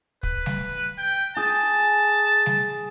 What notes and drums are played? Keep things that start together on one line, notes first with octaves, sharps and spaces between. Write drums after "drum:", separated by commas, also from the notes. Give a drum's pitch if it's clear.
B4, drum: kick
drum: snare G3
G5
G#4 A5
drum: snare G3